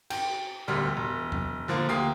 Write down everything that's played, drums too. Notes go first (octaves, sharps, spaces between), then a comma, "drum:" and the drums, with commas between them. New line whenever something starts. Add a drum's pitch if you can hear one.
G5, drum: cymbal
E1 D2 G3 F6
E1
drum: tom E2
D3 F3 A#3
D2 A#3 G4 D#6 C7